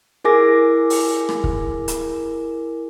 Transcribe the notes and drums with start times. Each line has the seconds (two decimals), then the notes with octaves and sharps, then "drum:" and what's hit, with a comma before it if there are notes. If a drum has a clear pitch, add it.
0.24 E4 G#4 A#4 G#5 D6 A#6
0.90 drum: open hi-hat
1.29 drum: rim click
1.44 drum: kick
1.88 drum: hi-hat